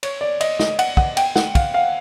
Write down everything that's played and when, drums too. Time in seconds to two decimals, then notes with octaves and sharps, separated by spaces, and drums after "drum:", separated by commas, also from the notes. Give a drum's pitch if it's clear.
0.03 C#5, drum: cymbal
0.21 D5
0.41 D#5, drum: cymbal
0.59 D#5, drum: snare
0.79 F#5, drum: cymbal
0.97 F#5, drum: kick
1.17 G5, drum: cymbal
1.36 F#5, drum: snare
1.55 F5, drum: kick, cymbal
1.74 F5